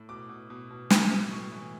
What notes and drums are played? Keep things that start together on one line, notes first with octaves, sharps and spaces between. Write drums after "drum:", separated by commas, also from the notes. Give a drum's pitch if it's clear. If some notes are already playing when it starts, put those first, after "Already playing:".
Already playing: A2
B2 D6
B2
B2
B2
B2, drum: snare
B2
A2 C#6
E3